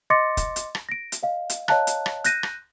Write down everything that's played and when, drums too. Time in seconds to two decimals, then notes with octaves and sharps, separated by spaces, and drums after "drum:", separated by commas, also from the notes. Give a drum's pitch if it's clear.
0.10 D#5 C6 D6 A6 A#6 C#7
0.37 drum: kick, hi-hat
0.56 drum: hi-hat
0.75 drum: rim click
0.89 A#6 D7
1.12 drum: hi-hat
1.23 D#5 F5
1.50 drum: hi-hat
1.68 C#5 D#5 F5 A5 A#5 F#6, drum: rim click
1.87 drum: hi-hat
2.06 drum: rim click
2.24 F#6 G6 A#6 D#7, drum: hi-hat
2.43 drum: rim click